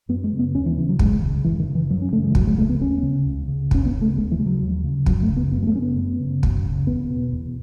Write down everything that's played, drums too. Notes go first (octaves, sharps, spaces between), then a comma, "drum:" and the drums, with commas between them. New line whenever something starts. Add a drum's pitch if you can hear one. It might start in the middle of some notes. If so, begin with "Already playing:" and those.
F#2 B3
G#3
C#3
B3
D#2 C#4
E3
C#3 E3
F#3
D#2 G#3, drum: kick
C#3
F#2 E3
D#3
C#3
E3
F#2 F#3
C#4
C#3 A3
G#3
E3
D#2 F#3, drum: kick
G#3
C#3 A3
B3
D#2 C#4
C#3
C#2
C#3
C#2 C#4, drum: kick
B3
C#3
A3
D#2 G#3
E3
C#3 G#3
F#3
D#2
C#3
F#2 F#3, drum: kick
A3
C#3
B3
F#2 B3
G#3
A3
C#3 C#4
B3
F#2
C#3
F#2, drum: kick
C#3
E2 B3
B2
E2